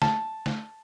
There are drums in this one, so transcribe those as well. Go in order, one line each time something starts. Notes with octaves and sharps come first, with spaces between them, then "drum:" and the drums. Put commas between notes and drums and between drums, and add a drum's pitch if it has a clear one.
A5, drum: snare
drum: snare